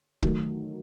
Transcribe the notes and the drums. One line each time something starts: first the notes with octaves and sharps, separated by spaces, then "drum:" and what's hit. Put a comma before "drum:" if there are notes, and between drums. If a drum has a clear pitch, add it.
D#3 F#3 A3, drum: kick